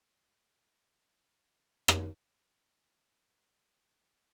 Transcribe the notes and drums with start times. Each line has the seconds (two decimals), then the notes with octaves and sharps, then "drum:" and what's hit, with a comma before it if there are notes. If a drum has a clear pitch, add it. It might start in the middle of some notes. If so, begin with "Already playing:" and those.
0.11 B4
0.83 C5
1.18 B4
1.53 A4
1.88 drum: rim click
2.24 A#4
2.59 A4
3.29 B4
4.00 A#4